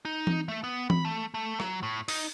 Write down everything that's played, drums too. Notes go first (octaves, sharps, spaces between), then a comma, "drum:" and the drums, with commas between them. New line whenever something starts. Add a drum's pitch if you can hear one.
D#4
drum: tom E3
A3
B3
B5, drum: tom E3
A3
A3
F#3, drum: rim click
A2
D#4, drum: open hi-hat